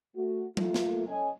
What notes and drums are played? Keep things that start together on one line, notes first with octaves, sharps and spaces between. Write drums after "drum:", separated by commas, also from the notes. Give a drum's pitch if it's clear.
A3 F#4
A3 A#3 F4, drum: tom F#3
drum: snare
C#4 A4 C#5 D#5 G#5